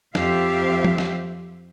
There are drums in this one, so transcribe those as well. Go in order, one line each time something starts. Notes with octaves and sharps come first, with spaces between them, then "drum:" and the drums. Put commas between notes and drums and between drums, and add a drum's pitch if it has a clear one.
F2 G4 C5 E5 F5, drum: snare
drum: tom
drum: snare